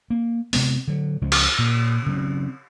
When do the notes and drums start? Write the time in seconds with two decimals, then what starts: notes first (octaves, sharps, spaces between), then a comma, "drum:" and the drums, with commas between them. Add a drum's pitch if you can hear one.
0.10 A#3
0.53 C3 G#3 B3, drum: open hi-hat
0.88 D3 F#3
1.21 C#2 C#3 F3 G#3
1.32 drum: cymbal
1.59 A#2
2.06 C#3 F#3 C4